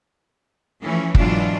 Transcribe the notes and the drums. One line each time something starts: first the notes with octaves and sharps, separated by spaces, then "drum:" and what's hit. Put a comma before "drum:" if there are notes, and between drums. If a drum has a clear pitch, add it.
E3 F3 A3 C#4
G#2 B2 E3 F#3 D4 F4, drum: kick